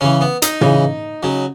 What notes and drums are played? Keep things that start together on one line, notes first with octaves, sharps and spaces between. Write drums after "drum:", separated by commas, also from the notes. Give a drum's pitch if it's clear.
C#3 E3 C#4
B3
D#4, drum: hi-hat
C#3 E3, drum: tom
C#3 F#3